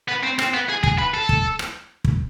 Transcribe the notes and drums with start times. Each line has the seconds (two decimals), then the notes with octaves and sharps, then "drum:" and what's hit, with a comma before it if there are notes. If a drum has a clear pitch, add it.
0.09 B3
0.23 C4
0.39 C4, drum: rim click
0.53 B3
0.69 G#4
0.83 G#4, drum: kick
0.99 B4
1.14 A4
1.29 drum: kick
1.59 drum: rim click
2.04 drum: kick